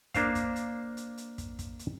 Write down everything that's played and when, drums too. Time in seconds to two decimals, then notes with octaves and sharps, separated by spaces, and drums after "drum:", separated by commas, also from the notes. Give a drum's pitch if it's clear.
0.14 A#3 D4 C5 F5, drum: kick, hi-hat
0.35 drum: kick, hi-hat
0.56 drum: hi-hat
0.97 drum: hi-hat
1.17 drum: hi-hat
1.38 drum: kick, hi-hat
1.59 drum: kick, hi-hat
1.79 drum: hi-hat